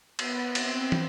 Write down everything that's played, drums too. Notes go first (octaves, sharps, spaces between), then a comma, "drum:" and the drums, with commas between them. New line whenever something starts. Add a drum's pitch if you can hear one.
B3, drum: cymbal
C4, drum: cymbal
drum: tom